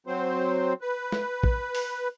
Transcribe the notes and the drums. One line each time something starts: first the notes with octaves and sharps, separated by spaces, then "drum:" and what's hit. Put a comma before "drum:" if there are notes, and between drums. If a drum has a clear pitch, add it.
F#3 C4 C5
B4
drum: snare
drum: kick A#1
drum: open hi-hat